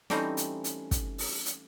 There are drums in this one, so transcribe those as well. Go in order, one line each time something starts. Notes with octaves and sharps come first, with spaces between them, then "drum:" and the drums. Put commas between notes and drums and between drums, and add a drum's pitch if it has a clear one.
E3 G3 A3 C4 C#4 D#4, drum: snare
drum: hi-hat
drum: hi-hat
drum: kick, hi-hat
drum: open hi-hat
drum: hi-hat